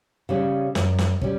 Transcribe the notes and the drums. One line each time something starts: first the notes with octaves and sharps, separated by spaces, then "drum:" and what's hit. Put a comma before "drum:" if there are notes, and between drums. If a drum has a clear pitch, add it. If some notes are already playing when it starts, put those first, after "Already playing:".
C#3 G3 C#4
F#2, drum: snare
drum: snare
G3 C#4, drum: kick